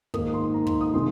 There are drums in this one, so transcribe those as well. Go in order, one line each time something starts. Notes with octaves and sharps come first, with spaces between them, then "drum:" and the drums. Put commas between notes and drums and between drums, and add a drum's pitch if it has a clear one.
G#2 D#3 A#3 D#6, drum: kick
C6
A#5
C6, drum: kick
D#6
C3 D#3 G#3 C4 C6